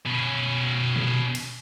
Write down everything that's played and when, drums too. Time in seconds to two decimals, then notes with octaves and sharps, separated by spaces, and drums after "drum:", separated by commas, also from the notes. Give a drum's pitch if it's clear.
0.06 B2 C#4
0.96 drum: tom B2
1.35 drum: cymbal